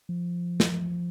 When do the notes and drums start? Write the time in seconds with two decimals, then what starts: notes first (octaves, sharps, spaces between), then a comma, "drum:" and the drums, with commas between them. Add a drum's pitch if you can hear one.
0.09 F3
0.60 drum: snare